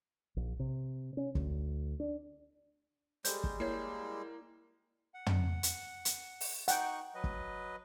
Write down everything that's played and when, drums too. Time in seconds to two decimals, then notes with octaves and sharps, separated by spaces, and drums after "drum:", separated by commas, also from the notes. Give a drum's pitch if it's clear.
0.36 A#1
0.60 C3
1.17 C#4
1.35 D2, drum: kick
2.00 D4
3.25 G3 G#3 G4 A4 C5 G6, drum: hi-hat
3.44 drum: kick
3.60 A#3 E4 C#5 C7
5.14 F#5
5.26 drum: tom
5.63 drum: hi-hat
6.05 drum: hi-hat
6.41 drum: open hi-hat
6.68 D#4 F#5 G5 C#6 F#6, drum: hi-hat
7.15 F#3 B4 D#5
7.24 drum: kick